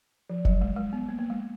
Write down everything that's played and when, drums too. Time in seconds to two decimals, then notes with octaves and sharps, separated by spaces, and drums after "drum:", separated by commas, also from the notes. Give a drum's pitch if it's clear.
0.30 F3
0.45 F#3, drum: kick F1
0.61 G#3
0.76 G#3
0.93 B3
1.09 A#3
1.19 A#3
1.30 G#3